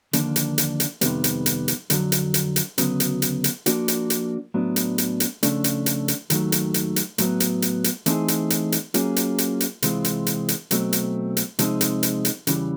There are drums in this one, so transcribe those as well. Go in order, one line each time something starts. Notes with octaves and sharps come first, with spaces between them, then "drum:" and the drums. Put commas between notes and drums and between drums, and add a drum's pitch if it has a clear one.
D#2 D3 F3 A#3 D4, drum: hi-hat
drum: hi-hat
drum: hi-hat
drum: hi-hat
F2 C3 D#3 G3 B3, drum: hi-hat
drum: hi-hat
drum: hi-hat
drum: hi-hat
F2 D3 F#3, drum: hi-hat
drum: hi-hat
drum: hi-hat
drum: hi-hat
D2 C#3 F#3 B3, drum: hi-hat
drum: hi-hat
drum: hi-hat
drum: hi-hat
F3 A#3 D4 F#4, drum: hi-hat
drum: hi-hat
drum: hi-hat
A2 F#3 B3 D4
drum: hi-hat
drum: hi-hat
drum: hi-hat
C#3 F3 A3 D4, drum: hi-hat
drum: hi-hat
drum: hi-hat
drum: hi-hat
D#2 D#3 F#3 A3, drum: hi-hat
drum: hi-hat
drum: hi-hat
drum: hi-hat
A2 F#3 B3, drum: hi-hat
drum: hi-hat
drum: hi-hat
drum: hi-hat
E3 A3 C4 D#4 G#4, drum: hi-hat
drum: hi-hat
drum: hi-hat
drum: hi-hat
F#3 A#3 C#4 F4 G#4, drum: hi-hat
drum: hi-hat
drum: hi-hat
drum: hi-hat
C3 E3 G#3 C4 F4, drum: hi-hat
drum: hi-hat
drum: hi-hat
drum: hi-hat
B2 F#3 A3 C4, drum: hi-hat
drum: hi-hat
drum: hi-hat
C3 F3 G#3 C4 D#4, drum: hi-hat
drum: hi-hat
drum: hi-hat
drum: hi-hat
E2 C#3 E3 G3, drum: hi-hat